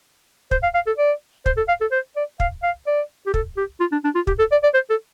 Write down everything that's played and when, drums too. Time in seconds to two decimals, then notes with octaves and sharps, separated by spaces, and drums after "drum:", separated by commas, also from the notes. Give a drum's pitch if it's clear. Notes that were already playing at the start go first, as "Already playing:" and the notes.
0.51 C5, drum: kick
0.63 F5
0.74 F5
0.87 A4
0.98 D5
1.46 C5, drum: kick
1.57 A4
1.68 F5
1.81 A4
1.92 C5
2.16 D5
2.40 F5, drum: kick
2.63 F5
2.87 D5
3.27 G4
3.34 A4, drum: kick
3.57 G4
3.80 F4
3.92 D4
4.04 D4
4.15 F4
4.27 G4, drum: kick
4.39 A4
4.52 D5
4.63 D5
4.74 C5
4.90 A4